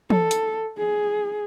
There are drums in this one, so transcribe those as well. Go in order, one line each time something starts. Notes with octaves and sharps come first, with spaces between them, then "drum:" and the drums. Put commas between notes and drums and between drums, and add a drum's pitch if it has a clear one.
A4, drum: tom E3
drum: hi-hat
G#4